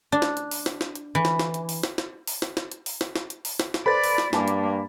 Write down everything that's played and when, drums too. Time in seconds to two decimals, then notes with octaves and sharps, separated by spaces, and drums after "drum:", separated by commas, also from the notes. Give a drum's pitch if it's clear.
0.12 D4
0.22 drum: snare
0.37 drum: hi-hat
0.51 drum: open hi-hat
0.66 drum: snare
0.81 drum: snare
0.95 drum: hi-hat
1.15 E3
1.25 drum: snare
1.39 drum: snare
1.54 drum: hi-hat
1.69 drum: open hi-hat
1.83 drum: snare
1.98 drum: snare
2.28 drum: open hi-hat
2.42 drum: snare
2.57 drum: snare
2.72 drum: hi-hat
2.86 drum: open hi-hat
3.01 drum: snare
3.16 drum: snare
3.30 drum: hi-hat
3.45 drum: open hi-hat
3.60 drum: snare
3.74 drum: snare
3.86 A4 B4 C5 D5 B5 A6
4.04 drum: open hi-hat
4.18 drum: snare
4.33 G2 A#3 G#5 A5 D6, drum: snare
4.48 drum: hi-hat